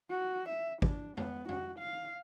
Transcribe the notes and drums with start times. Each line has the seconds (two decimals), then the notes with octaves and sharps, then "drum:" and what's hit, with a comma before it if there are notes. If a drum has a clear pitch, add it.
0.10 F#4
0.49 E5
0.82 D4, drum: kick
1.17 B3, drum: tom
1.49 F#4, drum: tom
1.79 F5